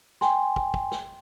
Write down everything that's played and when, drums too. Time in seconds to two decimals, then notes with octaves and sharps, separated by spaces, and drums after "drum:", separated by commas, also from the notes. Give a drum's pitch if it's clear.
0.21 G5 G#5 C6, drum: snare
0.56 drum: kick
0.74 drum: kick
0.91 drum: snare